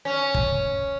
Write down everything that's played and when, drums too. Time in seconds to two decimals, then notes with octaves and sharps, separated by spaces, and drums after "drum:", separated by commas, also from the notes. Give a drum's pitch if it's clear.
0.05 C#4
0.34 drum: kick